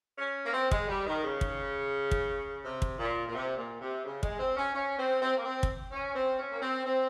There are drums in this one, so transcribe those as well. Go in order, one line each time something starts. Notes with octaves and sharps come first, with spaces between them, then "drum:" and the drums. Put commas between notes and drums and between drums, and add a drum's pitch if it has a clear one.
C#4
A#3
C4
G#3, drum: kick
G3
D#3
C#3
drum: kick
drum: kick
C3
drum: kick
A#2
A#2
C3
A#2
C3
C#3
G#3, drum: kick
C4
C#4
C#4
C4
C4
A#3
C4
drum: kick
C#4
C4
C#4
A#3
C4
C4